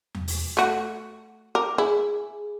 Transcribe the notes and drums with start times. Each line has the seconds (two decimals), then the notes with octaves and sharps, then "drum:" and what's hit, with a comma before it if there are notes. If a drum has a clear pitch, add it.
0.15 drum: tom E2
0.28 drum: open hi-hat
0.57 A3 F#4
1.55 A#4 D6
1.78 E4 G#4